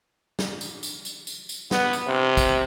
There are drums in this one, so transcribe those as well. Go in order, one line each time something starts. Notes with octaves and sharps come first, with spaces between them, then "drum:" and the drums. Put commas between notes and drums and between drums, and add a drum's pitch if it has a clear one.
drum: snare
drum: tambourine
drum: tambourine
drum: tambourine
drum: tambourine
drum: tambourine
B3, drum: snare
drum: tambourine
C3
drum: kick, tambourine